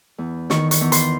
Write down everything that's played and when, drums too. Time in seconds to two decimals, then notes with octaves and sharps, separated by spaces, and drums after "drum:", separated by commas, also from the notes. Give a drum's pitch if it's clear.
0.18 E2
0.50 D#3 C#6, drum: snare
0.71 C#6, drum: hi-hat
0.81 E2
0.92 C6, drum: hi-hat